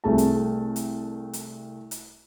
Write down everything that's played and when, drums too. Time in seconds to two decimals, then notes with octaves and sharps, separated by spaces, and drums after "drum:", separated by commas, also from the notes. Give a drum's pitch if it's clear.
0.04 C2 A3 G#4 A5
0.18 drum: hi-hat
0.76 drum: hi-hat
1.33 drum: hi-hat
1.91 drum: hi-hat